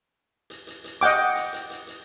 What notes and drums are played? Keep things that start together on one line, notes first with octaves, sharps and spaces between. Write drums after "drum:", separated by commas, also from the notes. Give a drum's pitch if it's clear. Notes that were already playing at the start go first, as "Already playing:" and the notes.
drum: hi-hat
drum: hi-hat
drum: hi-hat
D#5 F#5 G5 D6, drum: hi-hat
drum: hi-hat
drum: hi-hat
drum: hi-hat
drum: hi-hat